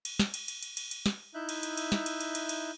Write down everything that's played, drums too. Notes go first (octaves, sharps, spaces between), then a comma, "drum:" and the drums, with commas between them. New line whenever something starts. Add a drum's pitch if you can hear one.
drum: cymbal
drum: snare
drum: cymbal
drum: cymbal
drum: cymbal
drum: cymbal
drum: cymbal
drum: snare
D#4 E4 E5 F#6 G6
drum: cymbal
drum: cymbal
drum: cymbal
drum: snare
drum: cymbal
drum: cymbal
drum: cymbal
drum: cymbal